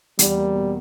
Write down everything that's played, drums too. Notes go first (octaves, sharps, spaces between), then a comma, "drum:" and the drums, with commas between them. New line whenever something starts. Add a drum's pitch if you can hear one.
E2 G3, drum: hi-hat
A#3
B2